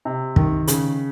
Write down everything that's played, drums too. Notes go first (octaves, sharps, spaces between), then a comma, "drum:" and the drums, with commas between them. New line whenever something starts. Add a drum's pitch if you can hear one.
C3
D#3, drum: kick
C#3, drum: hi-hat